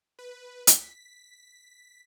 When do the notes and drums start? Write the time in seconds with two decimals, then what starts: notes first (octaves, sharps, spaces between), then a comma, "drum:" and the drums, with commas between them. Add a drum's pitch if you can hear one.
0.19 B4
0.67 B6, drum: hi-hat